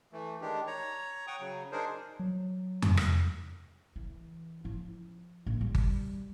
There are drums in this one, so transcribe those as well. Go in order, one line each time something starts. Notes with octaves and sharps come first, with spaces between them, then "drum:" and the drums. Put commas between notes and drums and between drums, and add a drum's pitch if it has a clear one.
E3 A3
D#3 G#3 D4 G4
C#5 A#5
F#5 G5 C#6 D#6
C#3 F#3
D4 D#4 G#4 A#4 C5
F#3
drum: tom F2
drum: rim click
E3
F3 E4
A#1
G3
drum: kick G1